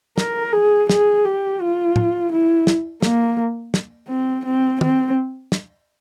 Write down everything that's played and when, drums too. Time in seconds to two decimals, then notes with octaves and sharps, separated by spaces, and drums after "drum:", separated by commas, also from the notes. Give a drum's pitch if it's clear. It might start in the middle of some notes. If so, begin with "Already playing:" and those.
0.18 A#4, drum: snare
0.53 G#4
0.89 G#4, drum: snare
1.25 G4
1.61 F4
1.96 drum: tom A2
2.32 E4
2.67 drum: snare
3.02 A#3, drum: snare
3.74 drum: snare
4.09 C4
4.45 C4
4.81 C4, drum: tom
5.52 drum: snare